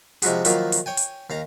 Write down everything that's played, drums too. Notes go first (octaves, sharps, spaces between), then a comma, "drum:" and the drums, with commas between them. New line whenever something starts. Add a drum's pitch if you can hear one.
C3 F3 G#3 E4 F#4 G#4, drum: hi-hat
D#3 F3 F#3 A#3 E4 F4, drum: hi-hat
drum: hi-hat
C#5 G5 G#5
drum: hi-hat
D#2 F5 A#5